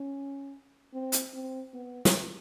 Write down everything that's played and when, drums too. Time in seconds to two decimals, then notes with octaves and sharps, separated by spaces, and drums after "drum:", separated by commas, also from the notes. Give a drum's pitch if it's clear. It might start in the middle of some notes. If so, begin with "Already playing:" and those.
Already playing: C#4
0.94 C4
1.12 drum: hi-hat
1.34 C4
1.74 B3
2.05 drum: snare